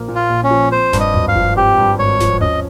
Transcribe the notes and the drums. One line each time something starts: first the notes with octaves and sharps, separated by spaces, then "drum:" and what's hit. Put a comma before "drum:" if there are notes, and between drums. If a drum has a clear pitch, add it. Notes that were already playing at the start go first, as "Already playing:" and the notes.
Already playing: A#1 F3 A#3
A#2
F4
A#1
C#4
F3
C4 C5
G2, drum: snare E1
D#5
G#1, drum: tom D#2
F5
F3, drum: kick F#1
C4 G4
G2
G#1 C#5
F3, drum: snare E1
C#4 D#5, drum: tom D#2